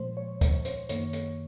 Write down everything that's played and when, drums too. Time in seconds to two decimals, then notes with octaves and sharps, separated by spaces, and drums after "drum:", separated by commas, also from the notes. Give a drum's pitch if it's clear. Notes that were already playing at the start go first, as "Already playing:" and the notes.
Already playing: A#2 F3 G#3 C5
0.17 C#5
0.41 C#5, drum: kick, hi-hat
0.65 C5, drum: hi-hat
0.89 F#2 D#3 A#3 C#5, drum: hi-hat
1.13 drum: hi-hat